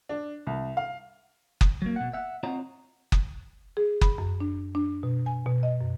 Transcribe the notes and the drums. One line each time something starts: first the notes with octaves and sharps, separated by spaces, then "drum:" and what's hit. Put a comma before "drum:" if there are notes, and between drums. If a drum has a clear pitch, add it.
D4
C2
F5
drum: kick F#1
F#3 A#3
B2 F#5
E5 F#5
C4 F4 C#5 D#5 F#5 A#5
drum: kick F#1
G#4
B5, drum: kick F#1
F#2
D4
D4
B2
G#5
B2
D#5
F#2